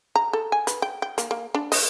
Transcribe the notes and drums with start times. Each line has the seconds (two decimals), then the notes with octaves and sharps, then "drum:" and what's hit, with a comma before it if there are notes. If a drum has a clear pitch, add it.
0.16 A#5
0.33 A4
0.52 G#5
0.67 B4, drum: hi-hat
0.82 G5
1.02 G5
1.18 A#3, drum: hi-hat
1.31 A#3
1.55 D4
1.72 D#5, drum: open hi-hat